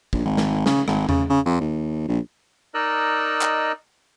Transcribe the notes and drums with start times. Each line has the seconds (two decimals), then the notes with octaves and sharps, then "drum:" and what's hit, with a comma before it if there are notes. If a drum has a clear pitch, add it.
0.13 A#1, drum: kick
0.25 G#1
0.37 drum: snare
0.66 C#3, drum: snare
0.88 G#1, drum: rim click
1.09 C#3, drum: tom E2
1.30 C#3
1.46 F2
1.60 D#2
2.08 A#1
2.74 D#4 A#4 D5 D#5 E6 F#6
3.41 drum: clap